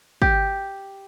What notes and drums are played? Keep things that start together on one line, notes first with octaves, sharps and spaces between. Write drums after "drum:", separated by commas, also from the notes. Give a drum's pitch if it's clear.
G4, drum: kick